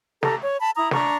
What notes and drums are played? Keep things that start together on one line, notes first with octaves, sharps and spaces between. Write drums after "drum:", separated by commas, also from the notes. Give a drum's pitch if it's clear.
G4 A4 A#5, drum: snare
C#5
A5 B5
E4 A#5 D#6
D4 A#5 C#6, drum: snare